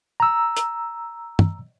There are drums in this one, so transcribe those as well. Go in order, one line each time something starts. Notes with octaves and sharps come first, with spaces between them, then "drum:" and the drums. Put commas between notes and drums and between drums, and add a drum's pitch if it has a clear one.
A#5 E6
drum: hi-hat
drum: tom